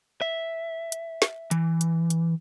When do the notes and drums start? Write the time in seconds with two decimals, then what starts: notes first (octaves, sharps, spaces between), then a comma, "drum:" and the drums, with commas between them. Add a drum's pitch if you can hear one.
0.21 E5
0.92 drum: hi-hat
1.22 drum: snare
1.51 E3, drum: hi-hat
1.81 drum: hi-hat
2.10 drum: hi-hat